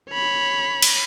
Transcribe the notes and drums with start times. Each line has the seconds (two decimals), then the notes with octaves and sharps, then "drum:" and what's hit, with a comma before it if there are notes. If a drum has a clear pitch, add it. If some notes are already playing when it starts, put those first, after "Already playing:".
0.11 C#5 B5
0.83 drum: cymbal